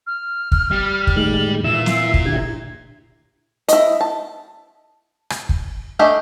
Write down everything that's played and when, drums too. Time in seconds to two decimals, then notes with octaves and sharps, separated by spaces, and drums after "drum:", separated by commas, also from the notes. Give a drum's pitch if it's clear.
0.07 F6
0.52 drum: kick
0.71 G3
1.07 drum: kick
1.16 A2 D#3 G#3 F#7
1.64 A#2 E3 E5 E7
1.86 C7, drum: snare
2.14 drum: kick
2.26 D3 E4 G4 G#6
3.68 E4 D#5, drum: hi-hat
4.01 A5
5.30 drum: rim click
5.49 drum: kick
5.99 A3 D4 G4 D#5 G#5